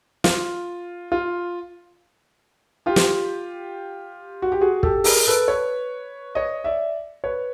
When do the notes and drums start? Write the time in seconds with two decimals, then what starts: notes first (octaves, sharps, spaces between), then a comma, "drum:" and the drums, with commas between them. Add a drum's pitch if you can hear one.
0.24 F4, drum: snare
1.12 F4
2.86 F4 G4
2.96 drum: snare
4.42 F#4
4.52 G4
4.61 F#4 G#4
4.83 G4 A4, drum: kick
5.04 G#4 A#4, drum: open hi-hat
5.27 A4 B4
5.48 B4 C#5
6.35 C#5 D#5
6.64 D5 E5
7.24 B4 C#5